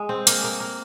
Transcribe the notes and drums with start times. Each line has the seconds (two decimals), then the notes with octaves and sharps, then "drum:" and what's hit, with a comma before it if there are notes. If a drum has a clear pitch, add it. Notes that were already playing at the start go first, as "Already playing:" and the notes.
Already playing: G#3
0.09 C4
0.27 A#3, drum: hi-hat
0.44 A#3
0.60 A#3